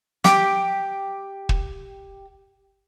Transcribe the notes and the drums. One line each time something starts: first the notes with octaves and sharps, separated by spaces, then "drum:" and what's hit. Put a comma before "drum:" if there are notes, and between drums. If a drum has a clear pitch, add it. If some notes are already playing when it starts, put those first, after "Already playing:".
G4 G5 D6, drum: snare
drum: kick